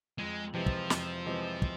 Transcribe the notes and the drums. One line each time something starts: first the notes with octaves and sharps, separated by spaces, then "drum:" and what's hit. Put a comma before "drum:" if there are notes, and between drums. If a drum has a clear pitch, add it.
F2 G#3
C3 E3 F3 G#3 C4
drum: kick
F2, drum: snare
C3 E3 G#3 C4
drum: kick